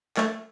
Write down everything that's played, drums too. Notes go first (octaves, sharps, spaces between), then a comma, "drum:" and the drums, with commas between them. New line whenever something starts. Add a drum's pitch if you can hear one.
A3, drum: clap